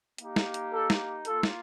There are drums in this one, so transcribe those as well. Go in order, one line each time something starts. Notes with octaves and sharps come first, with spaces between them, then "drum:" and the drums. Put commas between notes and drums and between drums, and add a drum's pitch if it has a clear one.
A#3 D#4 G4, drum: hi-hat
drum: snare
drum: hi-hat
A4
drum: snare
A#3 F4 A4, drum: hi-hat
drum: snare